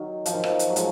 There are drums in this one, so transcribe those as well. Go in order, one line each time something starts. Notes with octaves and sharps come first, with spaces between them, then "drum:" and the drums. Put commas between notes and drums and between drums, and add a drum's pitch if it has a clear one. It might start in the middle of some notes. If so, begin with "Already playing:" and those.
Already playing: D#3 F#3
F3, drum: hi-hat
D#3
F3, drum: rim click
drum: hi-hat
F#3
F3 G#3, drum: hi-hat